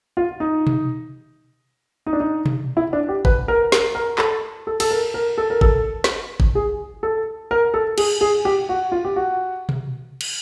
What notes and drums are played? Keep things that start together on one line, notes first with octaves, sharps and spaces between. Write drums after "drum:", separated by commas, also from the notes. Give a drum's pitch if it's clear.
F4
D#4
drum: tom B2
D#4
D4
D#4
drum: tom B2
E4
D4
G4
B4, drum: kick G1
A#4
A#4, drum: snare
A#4
A4, drum: clap
A4
A4, drum: cymbal
A#4
A#4
A4
A#4
A4, drum: kick G1
drum: snare
drum: kick G1
G#4
A4
A#4
A4
G#4, drum: cymbal
G#4
G4
F#4
F4
G4
F#4
drum: tom B2
drum: cymbal